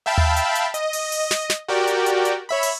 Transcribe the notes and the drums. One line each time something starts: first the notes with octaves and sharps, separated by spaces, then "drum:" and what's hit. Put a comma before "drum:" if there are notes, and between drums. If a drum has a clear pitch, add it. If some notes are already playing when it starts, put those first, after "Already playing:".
E5 F5 G5 A5 B5
drum: tom D#2
drum: hi-hat
drum: hi-hat
D#5, drum: hi-hat
drum: open hi-hat
drum: open hi-hat
drum: snare
drum: snare
F#4 G4 A#4 D5 G5
drum: hi-hat
drum: hi-hat
drum: hi-hat
C#5 E5 B5
drum: open hi-hat